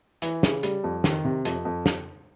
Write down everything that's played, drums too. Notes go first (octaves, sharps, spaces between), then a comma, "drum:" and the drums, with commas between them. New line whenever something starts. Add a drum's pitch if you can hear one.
E3, drum: hi-hat
C#3, drum: snare
G3, drum: hi-hat
F2
D#3, drum: snare
C3
F2, drum: hi-hat
F2
drum: snare